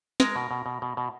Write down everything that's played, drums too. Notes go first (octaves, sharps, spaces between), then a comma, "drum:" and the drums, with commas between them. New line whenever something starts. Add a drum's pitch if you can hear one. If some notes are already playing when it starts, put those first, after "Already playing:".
G#3 A#4, drum: snare
B2
B2
B2
B2
B2